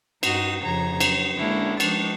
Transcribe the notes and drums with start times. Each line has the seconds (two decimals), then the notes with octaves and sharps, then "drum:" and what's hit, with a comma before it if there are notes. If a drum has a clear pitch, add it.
0.23 G2 D#4 F#4 D#6, drum: cymbal
0.63 F2 C#3 F3 A#5 G#6
1.00 F#3, drum: cymbal
1.37 D3 G#3 A#3 C#4 D4 E4
1.80 F3 G#3 D4 D#4 C#6 A6, drum: cymbal